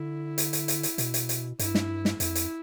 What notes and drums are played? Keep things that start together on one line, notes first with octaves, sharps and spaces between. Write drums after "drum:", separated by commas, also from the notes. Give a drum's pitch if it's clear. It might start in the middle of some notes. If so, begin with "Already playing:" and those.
Already playing: D3 E4
drum: hi-hat
drum: hi-hat
drum: hi-hat
drum: hi-hat
B2, drum: hi-hat
drum: hi-hat
drum: hi-hat
G2 E4, drum: hi-hat
drum: snare
drum: snare
F2 E4, drum: hi-hat
drum: hi-hat